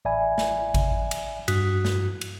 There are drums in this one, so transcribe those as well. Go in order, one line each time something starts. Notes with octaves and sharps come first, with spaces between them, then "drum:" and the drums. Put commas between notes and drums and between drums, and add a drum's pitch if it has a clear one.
A1 D5 E5 G#5 B5
drum: snare
drum: kick G#1, cymbal
drum: cymbal
G2 F#4 D#6 F#6 B6, drum: cymbal
drum: snare
drum: cymbal